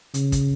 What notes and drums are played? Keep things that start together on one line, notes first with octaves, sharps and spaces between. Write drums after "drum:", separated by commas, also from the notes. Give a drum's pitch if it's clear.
C#3, drum: hi-hat
drum: kick, hi-hat